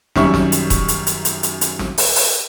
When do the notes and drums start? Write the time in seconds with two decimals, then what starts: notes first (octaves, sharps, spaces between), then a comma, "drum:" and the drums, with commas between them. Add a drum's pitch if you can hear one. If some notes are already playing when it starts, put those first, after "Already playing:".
0.16 F#2 D#3 G3 C#4 E5 C#6, drum: snare
0.34 drum: snare
0.52 drum: hi-hat
0.70 drum: kick D#1, hi-hat
0.88 drum: hi-hat
1.07 drum: hi-hat
1.25 drum: hi-hat
1.43 drum: hi-hat
1.61 drum: hi-hat
1.79 drum: snare
1.98 drum: open hi-hat
2.16 drum: open hi-hat